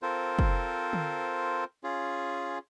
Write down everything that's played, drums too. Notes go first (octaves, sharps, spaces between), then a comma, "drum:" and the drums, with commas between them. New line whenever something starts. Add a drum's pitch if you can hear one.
C4 F4 A4 A#4 C5
drum: kick
drum: tom D3
C#4 F4 G#4